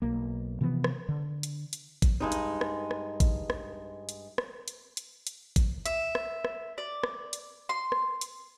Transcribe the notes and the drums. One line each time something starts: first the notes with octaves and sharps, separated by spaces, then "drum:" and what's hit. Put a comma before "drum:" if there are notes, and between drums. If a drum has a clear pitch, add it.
B1 A#3
C3 E3 F3 B3
drum: rim click
D3
drum: hi-hat
drum: hi-hat
drum: kick A1, hi-hat
G2 G#3 D#4
drum: hi-hat
drum: rim click
drum: rim click
drum: kick A1, hi-hat
drum: rim click
drum: hi-hat
drum: rim click
drum: hi-hat
drum: hi-hat
drum: hi-hat
drum: kick A1, hi-hat
E5, drum: hi-hat
drum: rim click
drum: rim click
D5
drum: rim click
drum: hi-hat
C6
drum: rim click
drum: hi-hat